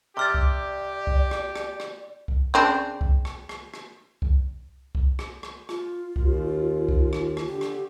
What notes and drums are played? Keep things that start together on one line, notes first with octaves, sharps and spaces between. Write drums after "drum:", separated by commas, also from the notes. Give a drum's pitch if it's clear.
C3 G4 D5 D6 F6 A6
drum: kick C2
drum: kick C2
drum: rim click
drum: rim click
drum: rim click
drum: kick C2
C#3 C4 D4
drum: kick C2
drum: rim click
drum: rim click
drum: rim click
drum: kick C2
drum: kick C2
drum: rim click
drum: rim click
F4, drum: rim click
D#2, drum: kick C2
drum: kick C2
drum: rim click
drum: rim click
D3 G4
drum: rim click